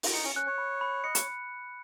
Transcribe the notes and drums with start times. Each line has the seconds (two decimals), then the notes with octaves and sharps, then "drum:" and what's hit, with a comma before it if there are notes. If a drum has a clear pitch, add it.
0.03 drum: open hi-hat
0.13 D#4 C#7
0.24 C#4
0.36 C#4 F#6
0.47 C#5
0.58 B5
0.81 B5
1.04 D#5 C#7
1.15 C#5, drum: hi-hat